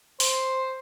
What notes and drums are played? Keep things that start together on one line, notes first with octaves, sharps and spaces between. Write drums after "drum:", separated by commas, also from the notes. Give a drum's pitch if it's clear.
C5, drum: open hi-hat